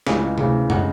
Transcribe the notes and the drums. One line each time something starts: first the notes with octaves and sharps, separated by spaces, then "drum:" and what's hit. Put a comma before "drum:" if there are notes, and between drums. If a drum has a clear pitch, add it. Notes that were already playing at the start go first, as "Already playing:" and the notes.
C#2 C#3 E3 G#3, drum: snare
D2 C#3 E3, drum: tom C3
C#3 G#3 F#5, drum: tom